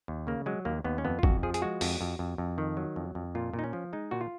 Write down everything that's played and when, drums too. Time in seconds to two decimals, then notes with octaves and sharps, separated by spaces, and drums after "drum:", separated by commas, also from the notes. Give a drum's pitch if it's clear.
0.08 D#2
0.27 C#3 A#3
0.46 F#3 G#3
0.65 D#2 A#3
0.84 D#2 B3
0.98 C#4
1.05 F2 B3
1.19 F4
1.23 F2 F#4, drum: kick
1.43 F3 G#4
1.54 G#4, drum: hi-hat
1.62 G#3 F#4
1.81 F2, drum: open hi-hat
2.01 F2
2.19 F2
2.38 F2
2.58 D#3
2.77 F#3
2.96 F2
3.15 F2
3.35 A#2 F4
3.53 A#2
3.59 D#4
3.64 C#4
3.73 F3
3.93 G#3 D#4
4.11 A#2 F#4
4.21 F4